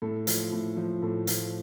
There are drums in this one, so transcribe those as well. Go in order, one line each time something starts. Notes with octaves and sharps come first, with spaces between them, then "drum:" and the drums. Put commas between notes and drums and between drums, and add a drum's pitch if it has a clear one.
A2 A4
F3, drum: hi-hat
A2
F3
A2 A4
F3, drum: hi-hat